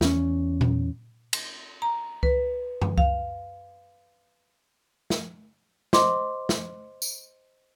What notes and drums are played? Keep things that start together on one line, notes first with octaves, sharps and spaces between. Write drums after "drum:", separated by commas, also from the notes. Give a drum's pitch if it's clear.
E2 C#4, drum: snare
drum: tom A#2
drum: cymbal
A#5
B4, drum: kick C#2
drum: tom F#2
F5, drum: kick C#2
drum: snare
C5 D#5 C6 D6, drum: snare
drum: snare
drum: tambourine